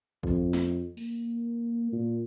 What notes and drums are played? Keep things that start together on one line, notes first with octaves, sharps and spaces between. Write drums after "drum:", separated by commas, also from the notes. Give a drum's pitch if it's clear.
F2, drum: kick
drum: snare
A#3, drum: open hi-hat
A#2